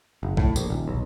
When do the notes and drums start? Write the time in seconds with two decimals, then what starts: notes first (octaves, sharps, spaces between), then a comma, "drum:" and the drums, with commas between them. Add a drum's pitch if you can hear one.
0.23 F#1
0.37 A2, drum: kick B1
0.56 A#1, drum: tambourine
0.70 D#1
0.88 B1